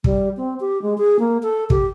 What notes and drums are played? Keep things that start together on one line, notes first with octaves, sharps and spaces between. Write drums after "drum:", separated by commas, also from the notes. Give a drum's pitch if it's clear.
G3, drum: kick
C4
G4
G#3
G#4
A#3
A4
G4, drum: kick